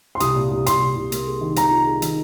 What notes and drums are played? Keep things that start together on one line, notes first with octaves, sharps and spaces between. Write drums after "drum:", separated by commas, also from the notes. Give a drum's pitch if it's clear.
C6
C2 D#6, drum: hi-hat
A#2
C2
C2 C6, drum: hi-hat
C2
C2
A#3, drum: hi-hat
G#4
D#3
D#3 A#5, drum: hi-hat
F4
G#4
D#3, drum: hi-hat